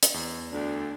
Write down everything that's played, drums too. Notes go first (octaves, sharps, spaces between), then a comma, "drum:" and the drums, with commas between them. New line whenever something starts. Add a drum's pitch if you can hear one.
drum: hi-hat
E2
D2 D4